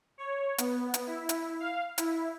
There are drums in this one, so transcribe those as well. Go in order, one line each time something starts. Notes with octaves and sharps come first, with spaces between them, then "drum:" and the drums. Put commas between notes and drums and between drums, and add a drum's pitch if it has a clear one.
C#5
B3, drum: hi-hat
drum: hi-hat
E4
drum: hi-hat
F5
E4, drum: hi-hat